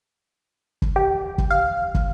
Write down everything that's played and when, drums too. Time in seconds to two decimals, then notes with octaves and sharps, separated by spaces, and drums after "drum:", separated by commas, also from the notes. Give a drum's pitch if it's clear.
0.82 drum: kick
0.96 G4
1.38 drum: kick
1.51 F5
1.95 drum: kick